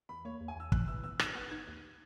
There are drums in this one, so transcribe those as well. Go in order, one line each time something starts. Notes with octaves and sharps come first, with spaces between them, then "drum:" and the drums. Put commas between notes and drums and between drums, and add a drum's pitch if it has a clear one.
E2 B5
A#3 C#5
E2
G#5
E2 E6
E3 F#6, drum: kick
E3 E6
B3 E6
D#4 F#6, drum: rim click
B3 F#6
D#4 G#6
D#2